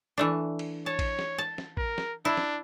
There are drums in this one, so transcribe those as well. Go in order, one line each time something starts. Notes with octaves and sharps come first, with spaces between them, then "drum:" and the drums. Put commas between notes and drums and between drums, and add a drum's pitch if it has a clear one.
E3 A3 D4
drum: cymbal
C#5 A5
drum: kick A1, cymbal
drum: snare
A5
drum: snare
A#4, drum: kick A1
drum: snare
D4 E4
drum: snare